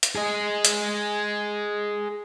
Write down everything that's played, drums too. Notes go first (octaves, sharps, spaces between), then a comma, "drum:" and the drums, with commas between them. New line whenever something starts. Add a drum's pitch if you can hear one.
drum: hi-hat
G#4 D#5
drum: hi-hat